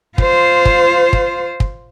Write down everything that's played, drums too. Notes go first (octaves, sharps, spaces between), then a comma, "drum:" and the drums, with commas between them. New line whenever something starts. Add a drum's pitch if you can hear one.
F4 C5, drum: kick
drum: kick
drum: kick
drum: kick